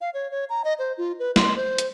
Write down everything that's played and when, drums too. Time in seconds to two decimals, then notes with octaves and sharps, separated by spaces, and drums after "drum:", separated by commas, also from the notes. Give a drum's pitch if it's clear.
0.01 F5
0.14 C#5
0.31 C#5
0.50 A#5
0.64 D#5
0.79 C5
0.98 F4
1.19 B4
1.36 C6, drum: snare
1.56 C5
1.78 drum: hi-hat